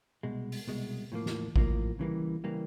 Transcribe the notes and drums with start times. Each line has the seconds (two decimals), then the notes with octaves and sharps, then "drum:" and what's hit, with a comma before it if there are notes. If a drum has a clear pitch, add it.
0.23 C2 B2 G#3
0.52 drum: open hi-hat
0.67 C2 B2 G#3
1.12 A2 F3 A#3
1.26 drum: snare
1.56 A2 F3 A#3, drum: kick A1
1.99 C#3 E3 G3 A#3
2.44 C#3 E3 G3 A#3